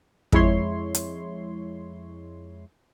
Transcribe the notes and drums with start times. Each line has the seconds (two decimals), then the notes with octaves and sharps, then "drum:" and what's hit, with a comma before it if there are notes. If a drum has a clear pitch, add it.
0.32 F2 G#3 E4 C#5 C6, drum: kick
0.94 drum: hi-hat